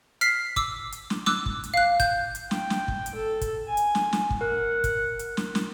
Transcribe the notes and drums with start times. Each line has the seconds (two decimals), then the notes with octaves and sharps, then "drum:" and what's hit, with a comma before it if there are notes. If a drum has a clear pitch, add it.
0.21 F6 B6 C7, drum: hi-hat
0.56 D6 E6, drum: kick, hi-hat
0.92 drum: hi-hat
1.10 drum: snare
1.26 D6 E6 F#6, drum: snare
1.46 drum: kick
1.64 drum: hi-hat
1.74 F5 F#6
2.00 G6, drum: kick, hi-hat
2.35 drum: hi-hat
2.51 G5, drum: snare
2.70 drum: snare
2.88 drum: kick
3.06 drum: hi-hat
3.15 A4
3.41 drum: kick, hi-hat
3.68 G#5
3.77 drum: hi-hat
3.95 drum: snare
4.13 drum: snare
4.30 drum: kick
4.41 A#4 F#5
4.84 drum: kick, hi-hat
5.19 drum: hi-hat
5.37 drum: snare
5.55 drum: snare